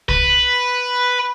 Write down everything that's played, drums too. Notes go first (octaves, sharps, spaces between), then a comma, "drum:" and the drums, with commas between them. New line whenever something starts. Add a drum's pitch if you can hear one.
B4, drum: kick C2